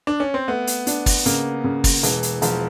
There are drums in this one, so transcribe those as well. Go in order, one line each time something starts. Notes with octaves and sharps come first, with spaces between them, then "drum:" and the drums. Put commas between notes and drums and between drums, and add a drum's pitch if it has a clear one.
D4
C#4
C4
A3 B3
drum: hi-hat
D4, drum: hi-hat
drum: kick, open hi-hat
C#3 A#3, drum: hi-hat
C#3
drum: kick, open hi-hat
E1 E3, drum: hi-hat
drum: hi-hat
E1 F3, drum: hi-hat